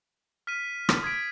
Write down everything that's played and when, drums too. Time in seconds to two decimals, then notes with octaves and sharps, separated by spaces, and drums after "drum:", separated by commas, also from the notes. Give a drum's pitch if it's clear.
0.47 F6 B6 D#7
0.89 drum: rim click
1.02 D#6 G#6 B6 D7